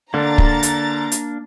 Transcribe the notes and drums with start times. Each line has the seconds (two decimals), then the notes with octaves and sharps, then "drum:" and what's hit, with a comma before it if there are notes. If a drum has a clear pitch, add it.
0.14 D3 A#3 D4 A#5 A6
0.38 drum: kick
0.63 drum: hi-hat
1.12 drum: hi-hat